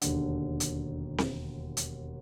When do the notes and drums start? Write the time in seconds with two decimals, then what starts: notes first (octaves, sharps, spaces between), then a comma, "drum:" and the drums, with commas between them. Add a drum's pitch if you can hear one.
0.01 E1 D#2 D3, drum: hi-hat
0.60 drum: hi-hat
1.18 drum: snare C4
1.77 drum: hi-hat